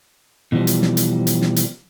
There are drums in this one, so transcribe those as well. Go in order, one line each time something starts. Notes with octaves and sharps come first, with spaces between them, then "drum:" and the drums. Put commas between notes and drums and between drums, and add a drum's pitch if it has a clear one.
B2 E3 F3 G3
drum: hi-hat
drum: snare
drum: hi-hat
drum: hi-hat
drum: snare
drum: hi-hat